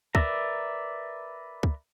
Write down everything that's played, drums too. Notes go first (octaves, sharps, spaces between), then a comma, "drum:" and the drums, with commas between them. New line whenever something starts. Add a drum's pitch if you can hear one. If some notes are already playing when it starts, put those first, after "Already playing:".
A#4 B4 D5 E5 A#5, drum: kick
drum: kick